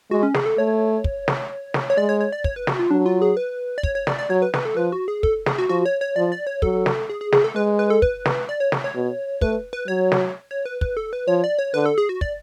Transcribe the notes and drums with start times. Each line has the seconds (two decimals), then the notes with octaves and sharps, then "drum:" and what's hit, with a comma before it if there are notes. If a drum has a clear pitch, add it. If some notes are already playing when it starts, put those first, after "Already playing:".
0.11 G#3 F#4
0.23 C#4
0.34 G#4, drum: snare
0.46 A4
0.58 A3 C#5
1.04 drum: kick
1.28 drum: snare
1.74 drum: snare
1.90 C#5
1.97 G#3 D5
2.09 C#5
2.21 C#5
2.32 D5
2.44 C#5, drum: kick
2.56 B4
2.67 F#4, drum: snare
2.79 F4
2.91 F#3 D4
3.06 F4
3.22 G#4
3.37 B4
3.78 D5
3.83 C#5, drum: kick
3.95 C#5
4.07 D5, drum: snare
4.19 D5
4.30 F#3 C#5
4.42 B4
4.54 B4, drum: snare
4.65 A4
4.76 F3 B4
4.92 F#4
5.08 G#4
5.23 A4, drum: kick
5.46 G#4, drum: snare
5.58 F#4
5.69 F3 F#4
5.86 C#5
6.01 C#5
6.16 F3 D5
6.32 D5
6.47 C#5
6.62 F#3 A4, drum: kick
6.86 drum: snare
7.09 G#4
7.21 G#4
7.32 G#4, drum: snare
7.44 A4
7.55 G#3 B4
7.79 B4
7.90 A4
8.02 B4, drum: kick
8.25 drum: snare
8.49 D5
8.60 C#5
8.72 drum: snare
8.84 C#5
8.95 B2
9.41 A3 B4, drum: kick
9.73 B4
9.88 F#3 C#5
10.12 drum: snare
10.51 C#5
10.65 B4
10.81 B4, drum: kick
10.97 A4
11.13 B4
11.28 F3 C#5
11.44 D5
11.59 C#5
11.74 D3 B4
11.86 A4
11.98 G#4
12.09 F#4
12.21 D5, drum: kick